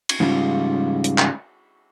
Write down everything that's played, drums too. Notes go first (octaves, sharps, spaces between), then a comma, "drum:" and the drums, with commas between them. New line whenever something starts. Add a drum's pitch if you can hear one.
drum: cymbal
G#2 C#3 G3 F4
drum: hi-hat
drum: clap